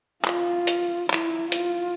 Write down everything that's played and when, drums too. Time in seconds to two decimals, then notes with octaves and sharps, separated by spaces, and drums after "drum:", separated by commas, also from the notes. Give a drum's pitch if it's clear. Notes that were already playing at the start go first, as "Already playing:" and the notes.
0.25 F4, drum: clap
0.67 drum: hi-hat
1.10 E4, drum: clap
1.52 F4, drum: hi-hat